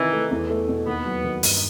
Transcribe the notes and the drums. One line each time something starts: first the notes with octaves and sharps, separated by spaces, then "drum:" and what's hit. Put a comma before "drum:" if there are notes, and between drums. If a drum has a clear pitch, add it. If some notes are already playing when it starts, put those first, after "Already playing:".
Already playing: C3 D#3 E3 D#4
A3
E2
A3
B2
D#2 B3
F#3
D#3
G2, drum: open hi-hat